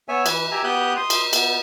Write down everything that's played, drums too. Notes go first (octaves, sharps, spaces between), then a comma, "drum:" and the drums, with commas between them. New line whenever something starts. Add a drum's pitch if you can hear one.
B3 C#5 E5 G#5
E3 B4, drum: cymbal
G4 E5 G#5 A#5
B3 G4 D#6 F#6 G6
C6 D#6
drum: cymbal
B3, drum: cymbal